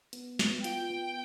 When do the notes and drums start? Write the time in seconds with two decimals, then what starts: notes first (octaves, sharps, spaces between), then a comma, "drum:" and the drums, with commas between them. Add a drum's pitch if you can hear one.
0.13 B3, drum: hi-hat
0.39 B3, drum: snare
0.64 F4 G5, drum: hi-hat
0.91 B3